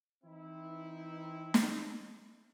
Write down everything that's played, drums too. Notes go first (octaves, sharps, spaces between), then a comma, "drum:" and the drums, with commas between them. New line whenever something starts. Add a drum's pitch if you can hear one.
E3 C4 D#4 E4
drum: snare